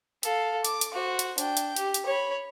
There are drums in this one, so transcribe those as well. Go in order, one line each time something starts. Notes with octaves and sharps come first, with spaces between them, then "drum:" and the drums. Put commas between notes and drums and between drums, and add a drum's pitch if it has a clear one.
A4 F5, drum: hi-hat
D6, drum: hi-hat
drum: hi-hat
F#4 C5
drum: hi-hat
D4 G5, drum: hi-hat
drum: hi-hat
G4, drum: hi-hat
drum: hi-hat
C#5 B5